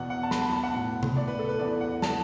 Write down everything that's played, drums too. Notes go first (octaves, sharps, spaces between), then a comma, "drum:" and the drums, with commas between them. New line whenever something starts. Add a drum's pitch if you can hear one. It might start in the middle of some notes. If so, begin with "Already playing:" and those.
Already playing: E2 B2 B3 F#5
F#5
A5
B5, drum: snare
B5
A5
F#5
A2 F#3 B3
drum: tom
D5
B4
A4
B4
E2 E3 B3 D5
F#5
A5, drum: snare